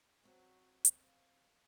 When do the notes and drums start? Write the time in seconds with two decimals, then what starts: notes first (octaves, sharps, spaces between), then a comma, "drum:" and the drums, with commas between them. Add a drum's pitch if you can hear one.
0.23 F#3 C4 C#5
0.85 drum: hi-hat
1.03 F5